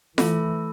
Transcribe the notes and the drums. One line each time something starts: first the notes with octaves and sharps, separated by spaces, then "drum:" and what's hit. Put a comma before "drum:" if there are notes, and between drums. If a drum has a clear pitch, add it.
E3 A3 E4 A4, drum: snare F4